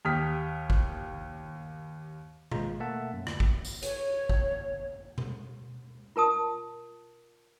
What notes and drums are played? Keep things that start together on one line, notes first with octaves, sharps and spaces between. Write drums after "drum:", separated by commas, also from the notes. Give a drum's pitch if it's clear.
D#2 G4 D#6 F6 B6
drum: kick
G#1 G#3 F4 A#5, drum: tom B2
A3 A#3 E5 F#5 A5
F#2
D2, drum: rim click
drum: kick
drum: tambourine
C#5, drum: hi-hat
drum: kick
drum: tom B2
F4 A#4 A5 D#6